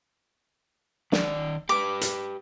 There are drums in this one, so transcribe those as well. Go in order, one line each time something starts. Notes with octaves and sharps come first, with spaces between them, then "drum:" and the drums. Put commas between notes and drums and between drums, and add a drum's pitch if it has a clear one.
D#3 D5, drum: snare
G4 B4 D6
drum: hi-hat